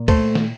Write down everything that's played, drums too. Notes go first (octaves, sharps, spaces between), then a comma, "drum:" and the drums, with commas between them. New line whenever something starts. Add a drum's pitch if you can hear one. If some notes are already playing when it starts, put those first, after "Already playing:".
Already playing: A#2
A3 A4 C5, drum: kick C#2, cymbal
drum: snare